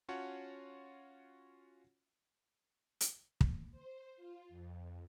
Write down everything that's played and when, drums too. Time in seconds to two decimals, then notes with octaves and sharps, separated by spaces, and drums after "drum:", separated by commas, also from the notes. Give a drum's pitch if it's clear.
0.08 C#4 F4 F#4 C#5 F#5 A5
3.01 drum: hi-hat
3.41 drum: kick
3.71 C5
4.16 F4
4.49 F2